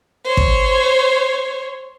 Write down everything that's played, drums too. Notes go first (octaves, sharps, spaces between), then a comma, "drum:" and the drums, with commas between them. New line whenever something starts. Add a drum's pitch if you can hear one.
C5 C#5
drum: kick